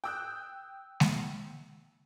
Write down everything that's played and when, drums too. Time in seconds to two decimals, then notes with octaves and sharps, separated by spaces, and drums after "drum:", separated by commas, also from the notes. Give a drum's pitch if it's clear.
0.04 G5 D#6 E6 F#6 G6
1.00 drum: snare G#3